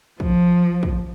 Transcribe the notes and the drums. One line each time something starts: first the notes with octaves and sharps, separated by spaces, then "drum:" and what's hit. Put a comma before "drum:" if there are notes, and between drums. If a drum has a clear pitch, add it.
F3, drum: kick
drum: kick